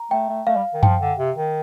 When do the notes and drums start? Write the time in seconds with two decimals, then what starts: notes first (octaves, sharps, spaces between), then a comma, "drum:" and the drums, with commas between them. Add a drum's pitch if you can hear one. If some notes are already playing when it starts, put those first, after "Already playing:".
Already playing: A#5
0.11 A3 G5
0.29 A3
0.47 A3 F5
0.56 G3
0.74 D#3
0.83 F3 G5, drum: tom F#2
1.00 D3
1.18 C3
1.36 D#3